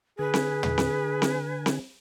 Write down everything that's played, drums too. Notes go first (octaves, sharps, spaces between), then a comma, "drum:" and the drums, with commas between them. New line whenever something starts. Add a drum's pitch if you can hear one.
D3 G#4 B4 G#5
drum: snare C4
drum: tom
drum: snare C4
drum: snare C4
drum: snare C4